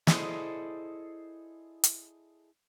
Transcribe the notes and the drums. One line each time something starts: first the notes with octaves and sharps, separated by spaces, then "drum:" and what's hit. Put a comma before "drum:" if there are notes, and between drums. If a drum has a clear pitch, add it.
E4 G#4 A4 C5 D5 D#5, drum: snare
drum: hi-hat